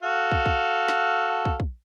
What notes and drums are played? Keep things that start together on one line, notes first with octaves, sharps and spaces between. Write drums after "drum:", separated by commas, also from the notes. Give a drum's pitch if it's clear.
F#4 A4 F5
drum: kick
drum: kick
drum: snare
drum: kick
drum: kick